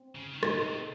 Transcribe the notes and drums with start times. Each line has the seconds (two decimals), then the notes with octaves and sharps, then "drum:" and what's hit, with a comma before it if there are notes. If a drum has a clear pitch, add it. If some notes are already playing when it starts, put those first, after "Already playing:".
Already playing: C4
0.15 C#3
0.33 D#3
0.43 C#3 D#4, drum: rim click
0.54 A#2
0.63 C3